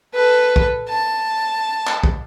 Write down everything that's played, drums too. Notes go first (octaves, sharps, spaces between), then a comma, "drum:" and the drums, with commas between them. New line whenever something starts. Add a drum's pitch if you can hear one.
A4 B4
drum: kick
A5
drum: clap
drum: kick